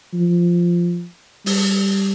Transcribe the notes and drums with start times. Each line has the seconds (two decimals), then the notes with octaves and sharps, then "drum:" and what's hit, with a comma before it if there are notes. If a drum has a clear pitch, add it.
0.14 F3
1.46 G3, drum: open hi-hat